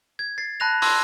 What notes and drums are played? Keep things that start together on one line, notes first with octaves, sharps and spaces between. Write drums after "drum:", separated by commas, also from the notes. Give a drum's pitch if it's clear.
G#6
A6 C7
A5 B5 F#6 A#6 F7
A5 C6 D6 E6 G#6 A#6, drum: open hi-hat